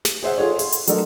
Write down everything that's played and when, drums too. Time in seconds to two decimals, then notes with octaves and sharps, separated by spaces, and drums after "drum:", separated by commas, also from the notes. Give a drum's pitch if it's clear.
0.05 drum: snare
0.23 G#4 C5 E5 F#5
0.37 F4 G#4 A4 C#5 E5
0.59 C6, drum: open hi-hat
0.72 drum: hi-hat
0.87 F#3 A3 D4 A4 A#4 D#5, drum: hi-hat